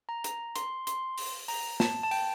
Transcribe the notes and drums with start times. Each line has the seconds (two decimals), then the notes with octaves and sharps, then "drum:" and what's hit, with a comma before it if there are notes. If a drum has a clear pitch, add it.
0.09 A#5
0.24 A#5, drum: hi-hat
0.56 C6, drum: hi-hat
0.87 C6, drum: hi-hat
1.18 drum: open hi-hat
1.48 A#5, drum: open hi-hat
1.80 A5, drum: snare
2.03 A5
2.11 G5, drum: open hi-hat